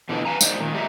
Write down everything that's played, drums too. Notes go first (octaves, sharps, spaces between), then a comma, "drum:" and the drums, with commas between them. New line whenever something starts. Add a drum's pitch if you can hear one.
B2 D3 E3 F3 D4 D#4
B4 F5 G#5 A#5
G#3 D#4 C5 D5, drum: tambourine
A#2 D#3
A#2 G#3 G4 E5 A#5